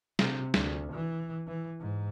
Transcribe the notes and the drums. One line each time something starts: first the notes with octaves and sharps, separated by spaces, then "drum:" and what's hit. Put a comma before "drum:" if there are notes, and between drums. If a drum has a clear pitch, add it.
C3, drum: snare
D2, drum: snare
E3
E3
G#2